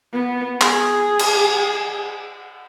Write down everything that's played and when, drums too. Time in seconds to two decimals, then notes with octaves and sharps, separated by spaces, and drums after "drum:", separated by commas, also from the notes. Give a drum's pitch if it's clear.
0.13 B3
0.61 G#4, drum: clap
1.19 drum: cymbal